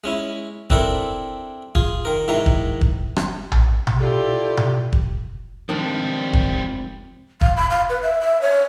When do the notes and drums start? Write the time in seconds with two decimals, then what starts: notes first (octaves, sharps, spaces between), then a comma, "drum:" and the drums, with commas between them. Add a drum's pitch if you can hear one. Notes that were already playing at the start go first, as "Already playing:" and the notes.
0.04 G#3 C#4 E4
0.70 C4 D4 E4 A4 A#4, drum: kick
1.75 F4 G#4, drum: kick
2.05 D#3 A#4
2.28 G#2 D#3 E3 A#5
2.46 drum: kick
2.81 drum: kick
3.16 drum: rim click
3.52 drum: tom A#1
3.87 drum: tom B2
3.99 E4 F4 G4 A4 D5
4.57 drum: tom B2
4.93 drum: kick
5.69 F2 G#2 C3 D#3 F3 G3 D4
6.33 drum: kick
7.41 F5, drum: kick
7.57 B5
7.70 F5
7.89 B4
8.02 E5
8.21 E5
8.42 C#5